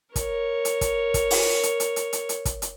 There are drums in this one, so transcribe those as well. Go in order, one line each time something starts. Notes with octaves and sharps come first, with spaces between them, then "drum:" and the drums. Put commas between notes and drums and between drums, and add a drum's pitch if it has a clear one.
A#4 C#5, drum: kick, hi-hat
drum: hi-hat
drum: kick, hi-hat
drum: kick, hi-hat
drum: open hi-hat
drum: hi-hat
drum: hi-hat
drum: hi-hat
drum: hi-hat
drum: hi-hat
drum: kick, hi-hat
drum: hi-hat